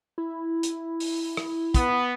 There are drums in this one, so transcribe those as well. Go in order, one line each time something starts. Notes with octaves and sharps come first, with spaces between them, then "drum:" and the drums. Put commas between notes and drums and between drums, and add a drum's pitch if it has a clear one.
E4
drum: hi-hat
drum: open hi-hat
drum: rim click
B3, drum: kick, hi-hat